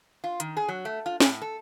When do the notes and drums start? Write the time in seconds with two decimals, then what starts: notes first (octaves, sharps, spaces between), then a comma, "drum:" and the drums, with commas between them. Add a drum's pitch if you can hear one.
0.24 F4
0.40 D#3, drum: hi-hat
0.57 G#4
0.68 F#3
0.85 A3
1.06 F4
1.20 A2, drum: snare
1.42 A4